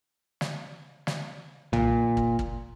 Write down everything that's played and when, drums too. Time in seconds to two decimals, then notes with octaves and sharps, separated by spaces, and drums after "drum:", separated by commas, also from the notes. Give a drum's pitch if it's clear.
0.41 drum: snare
1.07 drum: snare
1.73 A#2, drum: tom B1
2.17 drum: kick
2.39 drum: kick